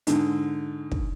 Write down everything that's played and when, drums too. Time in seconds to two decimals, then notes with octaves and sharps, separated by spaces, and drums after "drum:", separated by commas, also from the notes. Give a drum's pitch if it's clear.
0.07 G#2 D3, drum: hi-hat
0.92 drum: kick